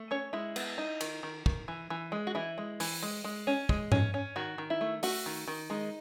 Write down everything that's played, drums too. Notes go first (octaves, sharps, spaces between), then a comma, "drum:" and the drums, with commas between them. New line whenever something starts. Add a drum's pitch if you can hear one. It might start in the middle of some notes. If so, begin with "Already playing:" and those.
Already playing: A3
C#4 C#5
G#3 E4
B3, drum: cymbal
D#4
D#3, drum: cymbal
D#3
D#3, drum: kick
E3
E3
G#3
F#4
E3 E4
G#3
E3, drum: open hi-hat
G#3
G#3
C#4
G#3, drum: kick
C#4, drum: tom G#2
C#4
D#3 F#4
D#3
E4
A3
A3 F#4, drum: open hi-hat
D#3
D#3
G#3 D#4